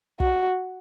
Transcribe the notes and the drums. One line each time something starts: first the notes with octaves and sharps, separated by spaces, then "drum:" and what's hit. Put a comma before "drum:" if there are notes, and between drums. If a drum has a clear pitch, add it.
F#4, drum: kick